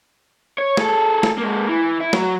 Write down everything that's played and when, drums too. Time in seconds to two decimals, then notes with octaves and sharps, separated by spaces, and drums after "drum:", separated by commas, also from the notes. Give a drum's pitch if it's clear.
0.58 C#5
0.77 G#4 A4, drum: snare
1.23 drum: snare
1.38 G#3 A#3
1.68 E3
2.00 E4
2.13 F#3, drum: snare